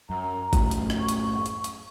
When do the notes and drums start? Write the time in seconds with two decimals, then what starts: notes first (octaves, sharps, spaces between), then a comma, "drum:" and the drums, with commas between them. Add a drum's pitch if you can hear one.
0.10 F#2 A#5
0.53 F#2 A2 F#3, drum: kick G#1, hi-hat
0.71 drum: hi-hat
0.90 drum: rim click
1.00 C#6
1.09 drum: hi-hat
1.46 drum: hi-hat
1.64 drum: hi-hat